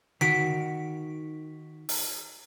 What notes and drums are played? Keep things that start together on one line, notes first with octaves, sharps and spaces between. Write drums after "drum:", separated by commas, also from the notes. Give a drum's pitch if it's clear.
D#3 F#4 B6 D7, drum: tom D3
drum: open hi-hat